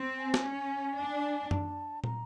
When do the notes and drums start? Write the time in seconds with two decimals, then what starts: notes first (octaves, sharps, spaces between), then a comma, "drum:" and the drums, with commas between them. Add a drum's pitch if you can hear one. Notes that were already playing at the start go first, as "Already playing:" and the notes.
Already playing: C4
0.18 G#5
0.34 drum: snare
0.45 C#4
0.98 D4
1.51 A5, drum: tom F#2
2.04 A#5, drum: tom